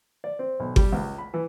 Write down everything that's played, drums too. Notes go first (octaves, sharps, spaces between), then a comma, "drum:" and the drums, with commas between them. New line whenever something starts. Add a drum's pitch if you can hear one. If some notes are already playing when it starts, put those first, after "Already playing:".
D5
C4
B1
G3, drum: kick G1
C#2
B5
E3